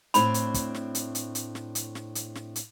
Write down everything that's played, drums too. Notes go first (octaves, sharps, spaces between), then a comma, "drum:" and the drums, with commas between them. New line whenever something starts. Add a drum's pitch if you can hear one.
A2 C4 D4 B5, drum: hi-hat
drum: hi-hat
drum: kick, hi-hat
drum: snare
drum: hi-hat
drum: hi-hat
drum: hi-hat
drum: snare
drum: hi-hat
drum: snare
drum: hi-hat
drum: snare
drum: hi-hat